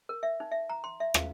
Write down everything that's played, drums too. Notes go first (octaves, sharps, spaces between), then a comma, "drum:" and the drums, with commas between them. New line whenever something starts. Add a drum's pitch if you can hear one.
A#4
E5
D#4
E5
A#5
C6
E5
F5, drum: rim click